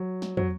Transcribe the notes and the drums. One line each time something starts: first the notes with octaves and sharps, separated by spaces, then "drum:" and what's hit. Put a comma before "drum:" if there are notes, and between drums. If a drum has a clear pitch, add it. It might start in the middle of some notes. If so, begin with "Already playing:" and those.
Already playing: F#3
drum: snare
F#3, drum: tom